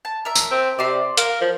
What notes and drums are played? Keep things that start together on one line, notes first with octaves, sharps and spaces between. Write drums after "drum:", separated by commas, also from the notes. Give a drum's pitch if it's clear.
A5
A#4 E5
drum: tambourine
C4
C3 D5 C6
A#4 F5, drum: hi-hat
F3